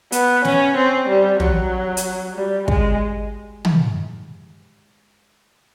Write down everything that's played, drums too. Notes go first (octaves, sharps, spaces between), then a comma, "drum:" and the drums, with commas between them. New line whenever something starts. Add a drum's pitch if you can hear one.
B3, drum: hi-hat
C#4, drum: snare
C4
G3
F#3, drum: tom
drum: hi-hat
G3
G#3, drum: kick
drum: tom